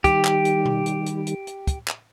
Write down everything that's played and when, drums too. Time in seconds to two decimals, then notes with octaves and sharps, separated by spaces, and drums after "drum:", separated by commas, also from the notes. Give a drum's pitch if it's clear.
0.04 D#3 G3 G4, drum: kick, hi-hat
0.25 drum: clap
0.45 drum: hi-hat
0.65 drum: tom B2
0.86 drum: hi-hat
1.06 drum: hi-hat
1.27 drum: hi-hat
1.47 drum: hi-hat
1.67 drum: kick, hi-hat
1.88 drum: clap